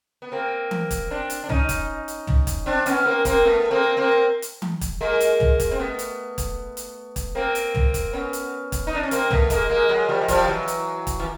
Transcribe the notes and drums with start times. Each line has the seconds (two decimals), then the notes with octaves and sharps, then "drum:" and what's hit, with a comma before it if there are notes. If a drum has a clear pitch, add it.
0.22 B3
0.32 A#3 C4
0.71 drum: tom E3
0.91 drum: kick, hi-hat
1.10 C4 D4
1.30 drum: hi-hat
1.44 D4
1.49 C#4 D#4, drum: tom
1.69 drum: kick, hi-hat
2.08 drum: hi-hat
2.27 drum: tom
2.47 drum: kick, hi-hat
2.66 C4 D4
2.86 B3 C#4, drum: hi-hat
3.05 A#3 C4
3.25 A#3 C4, drum: kick, hi-hat
3.45 A3 B3
3.71 A#3 C4
3.97 A#3 C4
4.42 drum: hi-hat
4.62 drum: tom E3
4.81 drum: kick, hi-hat
5.01 G#3 A#3
5.20 drum: hi-hat
5.40 drum: tom
5.60 drum: kick, hi-hat
5.71 C4
5.80 A3 B3
5.99 drum: hi-hat
6.38 drum: kick, hi-hat
6.77 drum: hi-hat
7.16 drum: kick, hi-hat
7.35 A#3 C4
7.55 drum: hi-hat
7.75 drum: tom
7.94 drum: kick, hi-hat
8.13 B3 C#4
8.33 drum: hi-hat
8.72 drum: kick, hi-hat
8.87 D#4
8.95 D4
9.03 C#4
9.11 A#3 C4, drum: hi-hat
9.31 A3 B3, drum: tom
9.50 G#3 A#3, drum: kick, hi-hat
9.69 G#3 A#3
9.89 F#3 G#3
10.08 F3 G3
10.21 G#3
10.28 F3 G3, drum: kick, hi-hat
10.48 E3 F#3
10.68 drum: hi-hat
11.07 drum: kick, hi-hat
11.20 E3